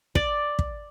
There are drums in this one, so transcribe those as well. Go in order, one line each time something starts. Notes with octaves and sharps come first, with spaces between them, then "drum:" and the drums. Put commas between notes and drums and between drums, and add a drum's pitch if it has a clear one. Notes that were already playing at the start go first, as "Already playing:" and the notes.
D5, drum: kick
drum: kick